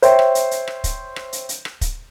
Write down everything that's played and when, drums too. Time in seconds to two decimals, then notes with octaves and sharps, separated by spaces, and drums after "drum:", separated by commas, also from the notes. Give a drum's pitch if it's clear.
0.02 C5 C#5 E5 G5 C6, drum: hi-hat
0.19 drum: rim click
0.35 drum: hi-hat
0.51 drum: hi-hat
0.68 drum: rim click
0.84 drum: kick, hi-hat
1.16 drum: rim click
1.33 drum: hi-hat
1.49 drum: hi-hat
1.65 drum: rim click
1.81 drum: kick, hi-hat